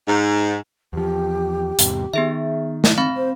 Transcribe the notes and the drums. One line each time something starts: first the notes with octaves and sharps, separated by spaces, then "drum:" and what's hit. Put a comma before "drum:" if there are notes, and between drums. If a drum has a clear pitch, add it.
G#2
E2 F3 G4
E2 G#2 C3, drum: hi-hat
D#3 B3 G#4 E5
drum: snare
C4 F5 B5
C5